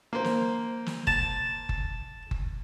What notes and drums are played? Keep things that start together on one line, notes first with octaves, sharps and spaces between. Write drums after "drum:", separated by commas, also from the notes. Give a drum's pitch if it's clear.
A#3 C5
drum: snare
drum: snare
A5, drum: kick F#1
drum: kick F#1
drum: kick F#1